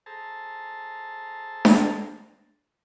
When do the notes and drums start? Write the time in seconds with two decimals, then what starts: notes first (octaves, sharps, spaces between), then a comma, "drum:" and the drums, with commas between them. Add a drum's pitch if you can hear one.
0.06 G#4 A4 C5 A5 A#5
1.65 drum: snare D4